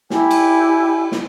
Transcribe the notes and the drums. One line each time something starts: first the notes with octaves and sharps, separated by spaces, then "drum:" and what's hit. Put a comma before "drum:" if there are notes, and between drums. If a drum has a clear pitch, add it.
E4 G4 G5 G#5, drum: snare
drum: cymbal
drum: snare